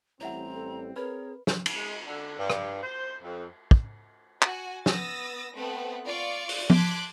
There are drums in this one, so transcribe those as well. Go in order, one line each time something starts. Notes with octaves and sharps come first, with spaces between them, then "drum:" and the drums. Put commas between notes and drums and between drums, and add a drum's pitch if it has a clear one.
A1 G3 C4 E4 C#5 E5 F#5 A#5
A4
C4 G#4 A#4 B4 C#5 B5
drum: snare
drum: cymbal
G#3
D3
G2
drum: rim click
C5
F2
drum: kick
F#4 G#5, drum: clap
B3 D#6 E6 A6 A#6, drum: snare
A3 B3 C4 F#5
F4 D5 F5 C#6
drum: open hi-hat
A5 C6 D6 F#6 G#6 B6, drum: tom F3